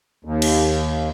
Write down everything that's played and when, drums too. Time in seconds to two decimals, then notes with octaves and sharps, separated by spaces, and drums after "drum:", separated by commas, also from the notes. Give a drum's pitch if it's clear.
0.25 D#2
0.42 drum: cymbal